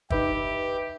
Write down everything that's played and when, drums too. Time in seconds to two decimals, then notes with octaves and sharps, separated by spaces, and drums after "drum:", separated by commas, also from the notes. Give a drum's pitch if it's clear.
0.10 D#4 G4 B4 E5, drum: kick